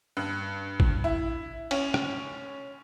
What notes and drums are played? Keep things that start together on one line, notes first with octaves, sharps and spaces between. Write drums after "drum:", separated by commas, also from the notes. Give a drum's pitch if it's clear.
G2
drum: kick G#1
E4
C#4, drum: cymbal
drum: rim click